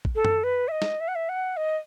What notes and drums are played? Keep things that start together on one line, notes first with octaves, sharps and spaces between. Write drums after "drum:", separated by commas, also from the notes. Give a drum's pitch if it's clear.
drum: kick
A4
drum: tom
B4
E5
D#5
drum: snare
E5
F#5
E5
F#5
D#5